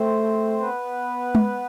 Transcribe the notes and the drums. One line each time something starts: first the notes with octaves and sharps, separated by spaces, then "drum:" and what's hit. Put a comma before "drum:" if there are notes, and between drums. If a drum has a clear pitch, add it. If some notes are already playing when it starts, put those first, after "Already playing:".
Already playing: A3 C4 C5
B3 B4
drum: tom G#3